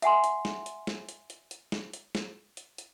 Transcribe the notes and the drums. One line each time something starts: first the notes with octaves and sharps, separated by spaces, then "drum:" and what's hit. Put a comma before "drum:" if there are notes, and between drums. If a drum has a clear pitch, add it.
E5 F#5 G#5 C6, drum: hi-hat
drum: hi-hat
drum: snare
drum: hi-hat
drum: snare
drum: hi-hat
drum: hi-hat
drum: hi-hat
drum: snare
drum: hi-hat
drum: snare
drum: hi-hat
drum: hi-hat